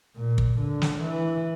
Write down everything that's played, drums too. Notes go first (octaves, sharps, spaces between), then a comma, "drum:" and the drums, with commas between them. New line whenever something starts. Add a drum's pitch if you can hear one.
A#2
drum: kick
D3
drum: snare
E3